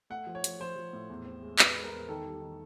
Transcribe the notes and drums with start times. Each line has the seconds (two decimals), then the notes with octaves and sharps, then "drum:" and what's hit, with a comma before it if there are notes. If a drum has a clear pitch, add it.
0.10 A3 F#5
0.27 F3
0.35 C#5
0.44 F3, drum: hi-hat
0.60 F3 C5
0.76 F3
0.93 A2
1.10 E2
1.26 C4
1.42 G#3
1.59 G#3 B4, drum: clap
1.76 G#3
1.84 A#4
1.92 E2
2.09 D#3 A4
2.25 G3
2.41 D#3